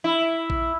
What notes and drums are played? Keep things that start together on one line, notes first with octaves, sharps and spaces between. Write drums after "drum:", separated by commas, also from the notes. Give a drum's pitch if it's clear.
E4
drum: kick A1